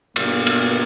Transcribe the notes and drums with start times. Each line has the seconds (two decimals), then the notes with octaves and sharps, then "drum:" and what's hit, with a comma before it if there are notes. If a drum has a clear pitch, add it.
0.16 G2 B2 D3 A#3 B3, drum: cymbal
0.47 drum: cymbal